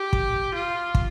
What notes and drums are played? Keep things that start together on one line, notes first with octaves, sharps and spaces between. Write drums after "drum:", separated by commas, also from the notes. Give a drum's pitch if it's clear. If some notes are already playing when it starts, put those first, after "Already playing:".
Already playing: G4
drum: kick
F4
drum: kick